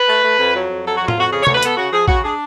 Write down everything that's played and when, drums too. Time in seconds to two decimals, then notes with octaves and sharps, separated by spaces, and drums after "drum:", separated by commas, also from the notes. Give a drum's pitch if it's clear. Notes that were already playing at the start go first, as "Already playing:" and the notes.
Already playing: B4
0.08 A3
0.23 A3
0.39 F2
0.55 F#3
0.70 F2
0.85 F#3 A4
0.96 F#4
1.00 F2
1.08 F4, drum: tom A2
1.16 F2 F#4
1.31 C#3 G#4
1.43 C#5
1.47 D2, drum: tom C3
1.55 B4
1.63 B3 A4, drum: hi-hat
1.77 C#3 F#4
1.92 F3 G#4
2.08 C#3 F#4, drum: kick A1
2.23 D4 G#4